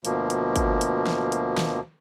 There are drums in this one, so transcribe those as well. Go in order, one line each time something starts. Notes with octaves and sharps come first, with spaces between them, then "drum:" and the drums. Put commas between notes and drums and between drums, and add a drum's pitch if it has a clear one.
D2 B2 F3 A#3, drum: hi-hat
drum: hi-hat
drum: kick, hi-hat
drum: hi-hat
drum: snare
drum: hi-hat
drum: snare